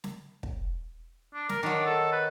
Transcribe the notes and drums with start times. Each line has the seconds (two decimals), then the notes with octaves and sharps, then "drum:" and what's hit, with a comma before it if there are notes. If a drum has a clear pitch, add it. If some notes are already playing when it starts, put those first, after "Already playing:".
0.04 drum: snare
0.43 drum: kick
1.34 D4
1.49 A#4, drum: snare
1.63 D#3 F#3 D4
1.85 A4
2.12 B4